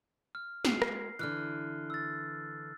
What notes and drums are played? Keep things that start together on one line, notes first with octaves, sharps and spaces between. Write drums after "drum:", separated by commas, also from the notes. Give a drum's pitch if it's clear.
F6
G#3 F#4 C7, drum: snare
drum: rim click
D3 E3 F6 F#6
E6 A6